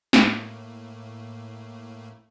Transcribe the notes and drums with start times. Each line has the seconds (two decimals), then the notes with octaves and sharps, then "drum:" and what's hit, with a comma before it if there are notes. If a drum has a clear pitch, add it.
0.13 A2 A3 A#3, drum: snare